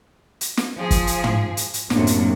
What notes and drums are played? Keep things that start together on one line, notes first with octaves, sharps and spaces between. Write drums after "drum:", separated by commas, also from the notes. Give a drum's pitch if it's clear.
drum: hi-hat
drum: snare
F3 G#4
drum: kick, hi-hat
drum: hi-hat
drum: tom
drum: hi-hat
drum: hi-hat
A1 F#2 C3 A#3 D4, drum: snare
drum: hi-hat